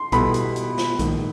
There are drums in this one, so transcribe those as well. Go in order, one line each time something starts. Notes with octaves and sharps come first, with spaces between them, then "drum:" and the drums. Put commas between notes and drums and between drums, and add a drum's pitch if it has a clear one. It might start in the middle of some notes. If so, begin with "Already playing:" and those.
Already playing: C6
B2 G3 B3 E4 A4 B5, drum: kick B1, hi-hat
drum: hi-hat
drum: hi-hat
drum: snare
A#1 G#2 D#3, drum: kick B1, hi-hat